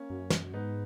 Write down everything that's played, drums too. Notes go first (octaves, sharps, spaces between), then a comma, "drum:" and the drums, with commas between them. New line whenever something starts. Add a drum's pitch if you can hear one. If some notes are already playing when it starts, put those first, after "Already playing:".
Already playing: A#3 C#4
F#2
drum: snare
G#2 B3 D#4